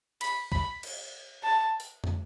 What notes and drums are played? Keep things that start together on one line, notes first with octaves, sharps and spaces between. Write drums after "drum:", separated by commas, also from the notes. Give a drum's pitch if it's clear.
B5, drum: cymbal
B5, drum: kick C2
drum: cymbal
A5
drum: open hi-hat
drum: tom